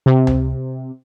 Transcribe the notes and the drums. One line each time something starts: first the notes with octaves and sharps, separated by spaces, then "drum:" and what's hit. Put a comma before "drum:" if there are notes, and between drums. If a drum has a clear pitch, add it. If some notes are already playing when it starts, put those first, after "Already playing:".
C3
drum: tom C#2